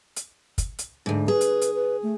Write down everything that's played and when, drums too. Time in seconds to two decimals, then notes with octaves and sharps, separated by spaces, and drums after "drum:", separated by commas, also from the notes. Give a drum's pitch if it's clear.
0.16 drum: hi-hat
0.58 drum: kick, hi-hat
0.79 drum: hi-hat
1.06 D2 G#2
1.28 G#4 B4
1.41 drum: hi-hat
1.61 drum: hi-hat
1.74 B4
2.03 A3